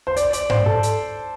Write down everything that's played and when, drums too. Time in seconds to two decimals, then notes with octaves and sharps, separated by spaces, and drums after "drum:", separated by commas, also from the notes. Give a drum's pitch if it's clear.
0.07 C5
0.16 D5, drum: hi-hat
0.33 D5, drum: hi-hat
0.50 C5, drum: tom G#2
0.66 A4
0.83 drum: hi-hat